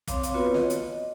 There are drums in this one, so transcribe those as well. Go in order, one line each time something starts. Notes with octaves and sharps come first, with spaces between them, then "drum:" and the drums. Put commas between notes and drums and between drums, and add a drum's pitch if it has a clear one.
C4 C#5 F5 D6, drum: kick, hi-hat
drum: hi-hat
B3 C4 F4 F#4 B4 C#5
D#5, drum: snare
drum: hi-hat